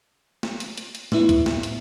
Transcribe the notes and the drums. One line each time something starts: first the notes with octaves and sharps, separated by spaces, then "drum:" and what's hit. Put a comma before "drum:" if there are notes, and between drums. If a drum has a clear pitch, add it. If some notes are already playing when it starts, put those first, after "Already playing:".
drum: snare
drum: hi-hat
drum: hi-hat
drum: hi-hat
A2 B3 E4, drum: snare
drum: kick, hi-hat
drum: snare
drum: hi-hat